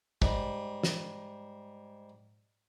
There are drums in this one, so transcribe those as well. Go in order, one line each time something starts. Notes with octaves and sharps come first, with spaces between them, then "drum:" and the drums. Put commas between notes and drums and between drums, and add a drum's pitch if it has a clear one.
G#2 G3, drum: kick
drum: snare